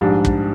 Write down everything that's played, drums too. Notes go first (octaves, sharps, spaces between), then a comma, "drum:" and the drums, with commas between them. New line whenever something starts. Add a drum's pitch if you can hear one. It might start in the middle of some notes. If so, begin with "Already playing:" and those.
A#1 G#2 G3 D4
drum: kick